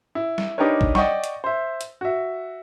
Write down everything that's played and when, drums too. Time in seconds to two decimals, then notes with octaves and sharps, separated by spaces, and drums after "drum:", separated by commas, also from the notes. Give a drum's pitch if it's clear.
0.15 E4
0.38 drum: snare
0.58 D4 D#4 G4 A#4 B4 C#5
0.81 drum: kick
0.95 D5 D#5 F#5 G5 C#6, drum: snare
1.24 drum: hi-hat
1.44 C5 E5
1.81 drum: hi-hat
2.01 F#4 E5